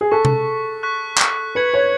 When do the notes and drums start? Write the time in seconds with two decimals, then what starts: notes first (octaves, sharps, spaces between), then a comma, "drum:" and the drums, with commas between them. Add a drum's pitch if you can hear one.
0.01 G#4
0.11 A4 C#6 F#6 B6
0.25 drum: tom C3
0.83 C#6 F#6 B6
1.18 drum: clap
1.55 B4 G#6 C#7 F#7
1.74 C#5